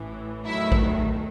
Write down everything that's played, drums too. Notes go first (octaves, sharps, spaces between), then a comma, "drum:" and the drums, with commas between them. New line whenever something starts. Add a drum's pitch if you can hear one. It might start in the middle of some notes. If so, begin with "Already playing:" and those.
Already playing: A1 A2 E3
E2 D#3 F#3 A3 E4 E5
drum: kick